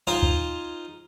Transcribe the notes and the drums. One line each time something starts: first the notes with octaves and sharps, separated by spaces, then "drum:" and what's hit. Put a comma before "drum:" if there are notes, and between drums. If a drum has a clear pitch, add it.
D#4 F4 C5 F5 G#5
drum: kick